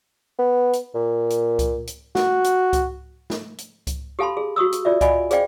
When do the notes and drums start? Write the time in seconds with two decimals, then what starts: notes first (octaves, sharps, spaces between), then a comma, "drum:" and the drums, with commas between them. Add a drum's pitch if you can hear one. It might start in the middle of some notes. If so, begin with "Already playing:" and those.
0.39 B3
0.73 drum: hi-hat
0.95 A#2
1.30 drum: hi-hat
1.59 drum: kick C#2, hi-hat
1.87 drum: hi-hat
2.15 F#4, drum: snare
2.44 drum: hi-hat
2.73 drum: kick C#2, hi-hat
3.30 drum: snare
3.58 drum: hi-hat
3.87 drum: kick C#2, hi-hat
4.19 G4 A4 F5 A5 B5 C6
4.37 G#4
4.56 F#4 C#6 D#6 E6
4.72 drum: hi-hat
4.85 F4 D5 E5
5.01 D5 D#5 F5 G#5 B5, drum: kick C#2, hi-hat
5.31 G#4 C5 D5 F5 G5, drum: hi-hat